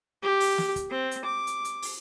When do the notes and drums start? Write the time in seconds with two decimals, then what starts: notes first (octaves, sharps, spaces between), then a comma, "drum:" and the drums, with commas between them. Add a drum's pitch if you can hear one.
0.22 G4
0.40 drum: open hi-hat
0.58 drum: snare
0.76 drum: kick, hi-hat
0.90 C4
1.11 drum: hi-hat
1.24 D6
1.47 drum: hi-hat
1.65 drum: hi-hat
1.82 drum: open hi-hat